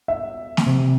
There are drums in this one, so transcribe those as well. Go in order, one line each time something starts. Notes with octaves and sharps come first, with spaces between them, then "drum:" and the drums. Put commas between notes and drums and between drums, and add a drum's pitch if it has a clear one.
E5
drum: snare
C3